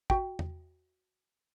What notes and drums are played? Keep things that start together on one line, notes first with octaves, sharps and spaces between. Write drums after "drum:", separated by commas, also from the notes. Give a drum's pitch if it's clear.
F#4 G5, drum: kick
drum: tom E2